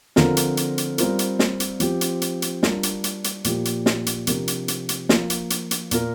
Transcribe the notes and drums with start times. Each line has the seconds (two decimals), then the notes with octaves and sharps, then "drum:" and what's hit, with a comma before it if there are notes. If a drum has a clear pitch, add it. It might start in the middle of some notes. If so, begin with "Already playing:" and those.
0.16 D3 F3 C4 F4 A#4, drum: snare
0.37 drum: hi-hat
0.57 drum: hi-hat
0.78 drum: hi-hat
0.98 G3 C4 F4 A#4, drum: hi-hat
1.19 drum: hi-hat
1.39 drum: snare
1.60 drum: hi-hat
1.80 F3 C4 G4, drum: hi-hat
2.01 drum: hi-hat
2.22 drum: hi-hat
2.42 drum: hi-hat
2.63 G3 D4 F4 A#4, drum: snare
2.83 drum: hi-hat
3.04 drum: hi-hat
3.24 drum: hi-hat
3.44 A#2 F3 A#3 G4, drum: hi-hat
3.65 drum: hi-hat
3.86 drum: snare
4.06 drum: hi-hat
4.27 C3 F3 D4 G4 A#4, drum: hi-hat
4.48 drum: hi-hat
4.68 drum: hi-hat
4.89 drum: hi-hat
5.09 F3 A#3 F4, drum: snare
5.30 drum: hi-hat
5.50 drum: hi-hat
5.71 drum: hi-hat
5.91 A#2 A#3 F4 A#4, drum: hi-hat